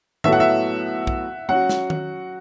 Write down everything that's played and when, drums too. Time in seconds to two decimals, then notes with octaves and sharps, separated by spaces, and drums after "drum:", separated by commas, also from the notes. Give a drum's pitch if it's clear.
0.24 A2 F#3 B3 F#4 A4 E5, drum: tom D#3
0.33 F#5
0.40 E5
1.07 drum: kick
1.49 F#3 C#4 F#4 F#5
1.69 drum: snare
1.90 drum: tom D#3